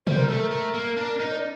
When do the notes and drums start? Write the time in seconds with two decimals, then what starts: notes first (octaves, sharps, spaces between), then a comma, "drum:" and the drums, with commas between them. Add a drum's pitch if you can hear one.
0.07 G3 C5, drum: tom
0.18 A#4
0.29 A3 A4
0.40 A#4
0.51 A3
0.74 A#3
0.97 D4
1.20 D#4
1.32 D5